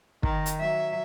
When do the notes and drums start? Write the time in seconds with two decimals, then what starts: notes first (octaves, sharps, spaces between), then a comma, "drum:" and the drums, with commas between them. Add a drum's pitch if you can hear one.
0.23 D#3, drum: kick
0.46 drum: hi-hat
0.60 F#3 E5